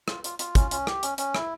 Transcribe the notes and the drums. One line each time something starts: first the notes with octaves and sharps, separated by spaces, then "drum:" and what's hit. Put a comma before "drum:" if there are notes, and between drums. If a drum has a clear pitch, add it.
F4, drum: rim click
F4, drum: hi-hat
F4, drum: hi-hat
C#4, drum: kick, hi-hat
C#4, drum: hi-hat
G4, drum: rim click
C#4, drum: hi-hat
C#4, drum: hi-hat
E4, drum: rim click